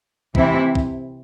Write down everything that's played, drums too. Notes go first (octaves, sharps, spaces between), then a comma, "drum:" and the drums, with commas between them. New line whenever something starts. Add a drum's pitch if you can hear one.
C3 E3 C4 E4, drum: kick
drum: kick